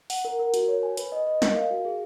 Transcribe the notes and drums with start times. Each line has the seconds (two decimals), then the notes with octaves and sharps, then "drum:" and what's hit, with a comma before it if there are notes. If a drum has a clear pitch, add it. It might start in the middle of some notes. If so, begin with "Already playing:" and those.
0.10 F#5, drum: open hi-hat
0.25 A#4
0.39 A#4
0.54 F#4, drum: hi-hat
0.68 C#5
0.83 G#5
0.97 B4, drum: hi-hat
1.12 D#5
1.27 D#5
1.42 A#4, drum: snare
1.56 F5
1.71 F#4
1.85 G#4